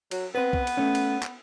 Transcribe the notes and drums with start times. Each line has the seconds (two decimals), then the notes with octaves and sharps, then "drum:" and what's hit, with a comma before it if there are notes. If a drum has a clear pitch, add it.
0.11 F#3, drum: cymbal
0.35 B3 C4 B4
0.53 drum: kick
0.67 drum: cymbal
0.77 A3 C#4
0.95 drum: cymbal
1.23 drum: clap